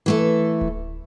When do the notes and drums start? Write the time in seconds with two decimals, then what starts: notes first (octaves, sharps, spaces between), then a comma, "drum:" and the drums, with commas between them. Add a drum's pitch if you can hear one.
0.06 E3 A3 A4
0.61 drum: kick D1